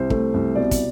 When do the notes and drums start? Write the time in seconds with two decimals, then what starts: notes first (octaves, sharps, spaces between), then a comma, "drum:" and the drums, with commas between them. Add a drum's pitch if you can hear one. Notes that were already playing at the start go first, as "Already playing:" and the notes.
Already playing: C2 C5
0.10 A3, drum: kick
0.34 C2
0.56 B2 D5
0.71 drum: kick, hi-hat